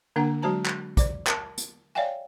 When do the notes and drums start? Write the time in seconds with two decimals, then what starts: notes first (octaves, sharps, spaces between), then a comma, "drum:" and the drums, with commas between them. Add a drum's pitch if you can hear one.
0.16 D3 A#3 D4 A#4 F#5
0.42 F#3 G#3 F#4 C5 A5 A#5
0.66 drum: clap
0.97 C5 D5 D6, drum: kick, hi-hat
1.27 A#4 A5, drum: clap
1.58 drum: hi-hat
1.95 C#5 D5 E5 F5 G5 G#5